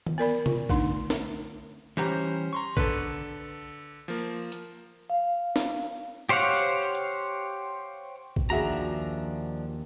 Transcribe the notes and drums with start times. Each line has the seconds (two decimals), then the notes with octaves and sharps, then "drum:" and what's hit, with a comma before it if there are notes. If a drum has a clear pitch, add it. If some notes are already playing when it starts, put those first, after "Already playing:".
0.06 drum: tom D#3
0.18 B3 A#4 D5 B5
0.46 F4, drum: tom B2
0.69 D3 A3 D4 D#4 C6, drum: kick
1.10 drum: snare
1.97 E3 G3 C#4 C5 A#5
2.53 A#5 C6 C#6
2.77 D3 A4 B4, drum: kick
4.08 F3 A#3
4.52 drum: hi-hat
5.10 F5
5.56 drum: snare
6.29 G4 C5 C#5 F5 F#5
6.95 drum: hi-hat
8.36 drum: kick
8.50 D#2 F3 D4 F#4 G#4 E5 A#5